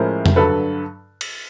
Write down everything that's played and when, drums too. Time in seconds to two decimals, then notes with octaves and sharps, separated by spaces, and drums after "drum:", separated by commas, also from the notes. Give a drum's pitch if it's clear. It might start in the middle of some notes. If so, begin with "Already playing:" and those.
Already playing: A2 F3 G#3 C#4 E4 A#4 C5
0.26 drum: tom F2
0.36 G2 D3 F#3 A4 B4
1.21 drum: cymbal